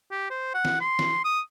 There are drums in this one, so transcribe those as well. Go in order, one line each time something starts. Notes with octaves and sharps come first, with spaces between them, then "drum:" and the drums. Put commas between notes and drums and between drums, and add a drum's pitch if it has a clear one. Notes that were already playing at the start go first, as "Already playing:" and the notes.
G4
C5
F#5
drum: snare
C6
drum: snare
D#6